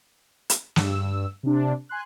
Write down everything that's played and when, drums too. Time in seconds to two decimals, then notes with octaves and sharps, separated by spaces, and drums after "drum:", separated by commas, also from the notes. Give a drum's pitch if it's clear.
0.50 drum: hi-hat
0.76 G2 E6, drum: snare
1.43 C3 D4
1.89 G#5 C6 F#6